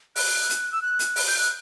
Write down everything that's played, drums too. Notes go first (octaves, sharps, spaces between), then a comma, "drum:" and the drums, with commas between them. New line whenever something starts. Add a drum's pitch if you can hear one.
F#6, drum: open hi-hat
drum: hi-hat
E6
F#6
drum: hi-hat
drum: open hi-hat
G6
F#6